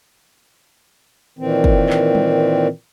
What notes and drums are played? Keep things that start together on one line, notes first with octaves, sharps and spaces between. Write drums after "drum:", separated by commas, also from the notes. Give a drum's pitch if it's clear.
A#2 D#3 E3 C4
drum: kick
drum: clap
drum: tom G3